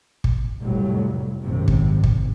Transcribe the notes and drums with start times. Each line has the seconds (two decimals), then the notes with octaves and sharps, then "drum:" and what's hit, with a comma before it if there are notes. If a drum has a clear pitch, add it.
0.24 drum: kick
0.60 F1 C2 F2 A2 F#3 G3
1.42 G#1 F#2 C3
1.68 drum: kick
2.04 drum: kick